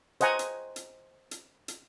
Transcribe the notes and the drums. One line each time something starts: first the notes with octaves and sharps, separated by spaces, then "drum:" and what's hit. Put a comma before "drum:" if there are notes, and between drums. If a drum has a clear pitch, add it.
C5 D#5 F#5 G#5 A#5, drum: hi-hat
drum: hi-hat
drum: hi-hat
drum: hi-hat
drum: hi-hat